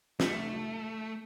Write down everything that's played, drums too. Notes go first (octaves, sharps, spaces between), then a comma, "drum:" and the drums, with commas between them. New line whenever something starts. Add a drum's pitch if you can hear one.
A3, drum: snare